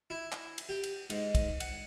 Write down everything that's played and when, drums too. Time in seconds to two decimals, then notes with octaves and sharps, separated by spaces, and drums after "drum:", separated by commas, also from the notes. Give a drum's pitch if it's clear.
0.10 E4
0.32 drum: clap
0.58 drum: cymbal
0.69 G4
0.83 drum: cymbal
1.10 G#2, drum: cymbal
1.35 drum: kick, cymbal
1.60 F#5, drum: cymbal